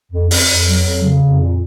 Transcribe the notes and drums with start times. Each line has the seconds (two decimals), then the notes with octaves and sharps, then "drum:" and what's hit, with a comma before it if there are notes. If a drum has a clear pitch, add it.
0.12 F2
0.31 F2, drum: open hi-hat
0.49 F2
0.67 F#3
0.85 F2
1.03 C#3
1.22 F2
1.39 A#2